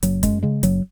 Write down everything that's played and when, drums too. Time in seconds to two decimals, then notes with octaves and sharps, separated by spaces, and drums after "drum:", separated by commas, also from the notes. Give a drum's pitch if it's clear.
0.03 F#1 F#3, drum: hi-hat
0.23 F#2 G#3, drum: kick, hi-hat
0.43 C#3 G#3
0.63 F#1 F#3, drum: hi-hat